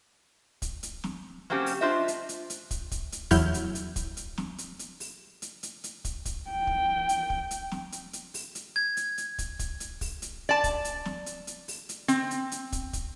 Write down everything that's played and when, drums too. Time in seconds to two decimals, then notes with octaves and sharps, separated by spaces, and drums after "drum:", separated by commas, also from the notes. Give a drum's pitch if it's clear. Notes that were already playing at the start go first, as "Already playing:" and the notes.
0.62 drum: kick, hi-hat
0.83 drum: hi-hat
1.04 drum: snare
1.50 F#3 A#3 C4 C#4 G4
1.66 drum: open hi-hat
1.81 D4 F4 C5 D#5 E5
2.08 drum: hi-hat
2.29 drum: hi-hat
2.50 drum: hi-hat
2.71 drum: kick, hi-hat
2.91 drum: kick, hi-hat
3.12 drum: hi-hat
3.31 E2 F#3 E4 F6 G6, drum: kick, open hi-hat
3.54 drum: hi-hat
3.75 drum: hi-hat
3.96 drum: kick, hi-hat
4.17 drum: hi-hat
4.38 drum: snare
4.58 drum: hi-hat
4.79 drum: hi-hat
5.00 drum: open hi-hat
5.42 drum: hi-hat
5.63 drum: hi-hat
5.84 drum: hi-hat
6.05 drum: kick, hi-hat
6.25 drum: kick, hi-hat
6.51 G5
6.67 drum: kick
7.09 drum: hi-hat
7.30 drum: kick
7.51 drum: hi-hat
7.72 drum: snare
7.92 drum: hi-hat
8.13 drum: hi-hat
8.34 drum: open hi-hat
8.55 drum: hi-hat
8.76 G#6
8.97 drum: hi-hat
9.18 drum: hi-hat
9.38 drum: kick, hi-hat
9.59 drum: kick, hi-hat
9.80 drum: hi-hat
10.01 drum: kick, open hi-hat
10.22 drum: hi-hat
10.49 D5 A5
10.64 drum: kick, hi-hat
10.85 drum: hi-hat
11.05 drum: snare
11.26 drum: hi-hat
11.47 drum: hi-hat
11.68 drum: open hi-hat
11.89 drum: hi-hat
12.08 C4, drum: hi-hat
12.31 drum: hi-hat
12.52 drum: hi-hat
12.72 drum: kick, hi-hat
12.93 drum: kick, hi-hat